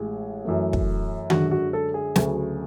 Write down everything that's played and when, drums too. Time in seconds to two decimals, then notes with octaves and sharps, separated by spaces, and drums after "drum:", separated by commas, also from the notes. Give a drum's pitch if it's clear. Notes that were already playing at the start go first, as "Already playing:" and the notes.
Already playing: A1 A2 G#3
0.45 F#2 E3 A3
0.73 drum: kick
1.30 F#2 D3 G#3 F#4, drum: tom D#3
1.51 F#4
1.73 A4
1.94 G#4
2.16 D2 C#3 F#3 A3, drum: snare